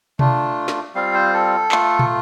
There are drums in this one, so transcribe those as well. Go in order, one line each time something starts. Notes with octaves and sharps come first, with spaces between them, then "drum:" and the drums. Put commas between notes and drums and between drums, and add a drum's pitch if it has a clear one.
A3 D4 F4, drum: tom B2
drum: snare
G3 C4 F4 F5
C5
A4
A3 F4, drum: clap
drum: tom